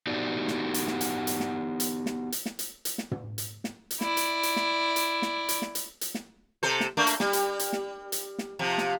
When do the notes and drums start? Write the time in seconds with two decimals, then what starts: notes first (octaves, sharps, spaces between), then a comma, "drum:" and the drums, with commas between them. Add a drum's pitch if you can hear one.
0.07 B3 D#4 F#4 G4 D5
0.48 drum: snare
0.74 drum: hi-hat
0.87 drum: snare
1.01 drum: hi-hat
1.27 drum: hi-hat
1.40 drum: snare
1.80 drum: hi-hat
2.06 drum: snare
2.32 drum: hi-hat
2.46 drum: snare
2.59 drum: hi-hat
2.85 drum: hi-hat
2.98 drum: snare
3.11 drum: tom
3.38 drum: hi-hat
3.64 drum: snare
3.91 drum: hi-hat
4.01 E4 D5, drum: snare
4.17 drum: hi-hat
4.43 drum: hi-hat
4.56 drum: snare
4.96 drum: hi-hat
5.22 drum: snare
5.49 drum: hi-hat
5.62 drum: snare
5.75 drum: hi-hat
6.01 drum: hi-hat
6.15 drum: snare
6.63 C3 A4 C5
6.80 drum: snare
6.97 A3 A#3 D4
7.07 drum: hi-hat
7.20 G3, drum: snare
7.33 drum: hi-hat
7.59 drum: hi-hat
7.73 drum: snare
8.12 drum: hi-hat
8.39 drum: snare
8.59 C3 F3
8.78 drum: snare